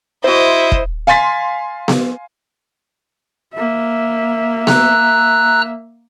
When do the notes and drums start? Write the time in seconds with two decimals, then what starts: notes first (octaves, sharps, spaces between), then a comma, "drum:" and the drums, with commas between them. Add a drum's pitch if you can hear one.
0.24 E4 F#4 C5 D#5 E5
0.72 drum: kick E1
1.07 F5 G#5 C6 A6 B6
1.88 drum: snare B3
3.55 A#3 E5
4.67 A#5 E6 F#6, drum: snare B3